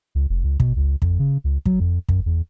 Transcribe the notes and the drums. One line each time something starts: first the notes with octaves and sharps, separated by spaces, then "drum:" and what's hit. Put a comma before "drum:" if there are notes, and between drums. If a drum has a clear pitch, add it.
C#2
F1
C#2
B2, drum: kick
C#2
F2, drum: kick
C#3
C#2
F#3, drum: kick
F2
F#2, drum: kick
E2